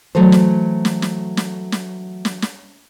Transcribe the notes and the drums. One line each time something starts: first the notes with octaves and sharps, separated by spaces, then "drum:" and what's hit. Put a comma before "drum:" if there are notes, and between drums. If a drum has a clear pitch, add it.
E3 F#3 A3 A4 C5
drum: snare
drum: snare
drum: snare
drum: snare
drum: snare
drum: snare
drum: snare